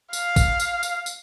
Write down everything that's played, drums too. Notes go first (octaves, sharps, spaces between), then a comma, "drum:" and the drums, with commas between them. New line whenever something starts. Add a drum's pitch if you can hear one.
F5, drum: tambourine
drum: kick A#1, tambourine
drum: tambourine
drum: tambourine
drum: tambourine